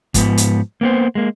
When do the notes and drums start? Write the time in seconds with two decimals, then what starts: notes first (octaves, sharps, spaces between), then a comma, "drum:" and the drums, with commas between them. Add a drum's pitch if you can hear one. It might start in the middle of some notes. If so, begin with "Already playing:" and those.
0.14 G#2 F3 B3, drum: kick, hi-hat
0.38 drum: hi-hat
0.81 A#3 B3 C5
1.15 G#3 A#3